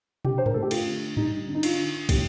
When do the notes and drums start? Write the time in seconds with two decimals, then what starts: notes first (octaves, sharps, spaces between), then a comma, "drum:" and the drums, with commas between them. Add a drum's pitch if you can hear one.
0.25 D3 G4, drum: tom
0.38 C5
0.46 A#4, drum: tom G#2
0.54 A3 A4
0.62 G4
0.71 F4, drum: cymbal
0.86 D3
1.17 G3 D#4, drum: tom G#2
1.47 D3
1.54 D#4
1.63 F4, drum: cymbal
1.79 D3
2.09 A2 G4, drum: kick, cymbal